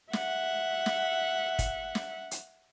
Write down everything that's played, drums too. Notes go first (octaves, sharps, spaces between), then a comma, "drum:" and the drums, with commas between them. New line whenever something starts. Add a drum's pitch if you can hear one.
E5 F#5, drum: snare
drum: snare
drum: kick, hi-hat
drum: snare
drum: hi-hat